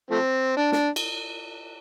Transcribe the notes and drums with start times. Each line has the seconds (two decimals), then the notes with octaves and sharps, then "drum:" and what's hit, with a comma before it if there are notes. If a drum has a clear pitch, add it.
0.11 F3 A3 C4
0.57 D4
0.72 D4, drum: snare
0.96 drum: cymbal